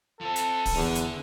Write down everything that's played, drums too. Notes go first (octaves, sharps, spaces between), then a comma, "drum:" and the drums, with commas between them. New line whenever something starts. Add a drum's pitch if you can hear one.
F3 C4 A4
drum: hi-hat
drum: kick D1, open hi-hat
E2 D3
drum: hi-hat